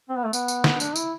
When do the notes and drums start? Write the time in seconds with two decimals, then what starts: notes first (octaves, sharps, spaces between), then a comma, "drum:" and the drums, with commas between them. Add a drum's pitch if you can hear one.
0.09 C4
0.17 B3
0.25 A3
0.33 B3, drum: tambourine
0.48 drum: tambourine
0.64 drum: snare
0.80 D4, drum: tambourine
0.96 E4, drum: tambourine